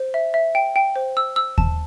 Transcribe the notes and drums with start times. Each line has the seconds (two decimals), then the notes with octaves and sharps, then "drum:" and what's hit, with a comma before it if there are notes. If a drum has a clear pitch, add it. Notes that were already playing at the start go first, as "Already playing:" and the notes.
Already playing: C5
0.14 E5
0.34 E5
0.55 G5
0.76 G5
0.96 C5
1.17 E6
1.36 E6
1.58 A5, drum: kick D#2